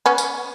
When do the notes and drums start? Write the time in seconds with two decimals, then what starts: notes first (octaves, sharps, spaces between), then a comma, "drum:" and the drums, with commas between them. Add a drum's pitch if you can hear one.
0.06 B3 C#4
0.18 drum: tambourine